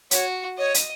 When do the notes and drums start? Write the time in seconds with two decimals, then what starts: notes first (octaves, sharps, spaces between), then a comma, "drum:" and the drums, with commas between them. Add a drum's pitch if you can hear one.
0.11 F#4 C#5, drum: hi-hat
0.58 C#5 D#5
0.74 drum: hi-hat